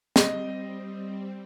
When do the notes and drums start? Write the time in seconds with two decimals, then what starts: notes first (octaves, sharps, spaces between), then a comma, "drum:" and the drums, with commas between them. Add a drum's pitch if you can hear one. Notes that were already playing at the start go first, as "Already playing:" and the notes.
0.16 G3 C4 D#5, drum: snare